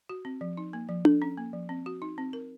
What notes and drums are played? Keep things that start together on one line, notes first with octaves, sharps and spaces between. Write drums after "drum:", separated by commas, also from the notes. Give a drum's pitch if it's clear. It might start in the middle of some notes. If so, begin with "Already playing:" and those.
F#4
C4
F3
D#4
A#3
F3
A4, drum: tom D4
C#4
A#3
F3
C4
F#4
D#4
C4
A#4